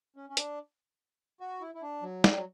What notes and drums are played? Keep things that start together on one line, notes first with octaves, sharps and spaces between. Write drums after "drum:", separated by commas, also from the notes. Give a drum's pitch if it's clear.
C#4
C#4
D4, drum: hi-hat
F#4
E4
E4
D4
F#3
G3, drum: snare
F#3